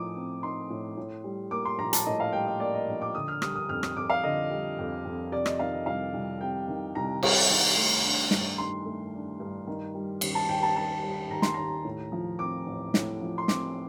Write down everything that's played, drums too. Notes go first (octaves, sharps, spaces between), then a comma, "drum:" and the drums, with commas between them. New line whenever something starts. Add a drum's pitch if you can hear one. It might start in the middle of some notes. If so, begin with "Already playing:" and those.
Already playing: A2 F3 D#4 D6 D#6
C4
D#4 C6
A2
A2
G3
A#3 D6
C6
A#1 A#5
A5, drum: hi-hat
A2 D#5
F5
G3 G5
D#5
A#3 D5
D#5
A#1
D6
D3 D#6
F6
G3 D#6, drum: rim click
D#6
F2 F6
D#6, drum: rim click
F2 D6
F5
D3 D#5
G3
F2
F2
C3 D5
D#5, drum: rim click
D#3 F5
D#5
C2 F5
C2
C3 G5
D#3
C2 A#5
C2, drum: cymbal
D#3
A3
D4
G2, drum: snare
D#3 C6
A3
D4
G2
D#3
G3
D#2, drum: cymbal
A5
D#2 G5
A5
D#3 A5
G3
D#2 A#5
C6, drum: snare
D#2 A#5
A2
F3
C4 D6
A1
A2, drum: snare
F3
C6
C4 D6, drum: snare